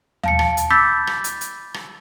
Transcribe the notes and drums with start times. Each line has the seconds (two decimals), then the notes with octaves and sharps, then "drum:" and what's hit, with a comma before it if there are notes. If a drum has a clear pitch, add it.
0.23 F5 A5 C#7, drum: tom D#2
0.39 A5, drum: rim click
0.57 drum: hi-hat
0.70 B5 D6 E6 G6 A6 B6
1.07 drum: rim click
1.24 drum: hi-hat
1.41 drum: hi-hat
1.74 drum: rim click